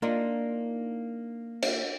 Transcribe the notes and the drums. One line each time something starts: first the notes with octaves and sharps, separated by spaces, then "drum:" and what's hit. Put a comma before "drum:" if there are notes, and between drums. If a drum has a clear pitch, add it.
A#3 D4 D#4 F4
drum: cymbal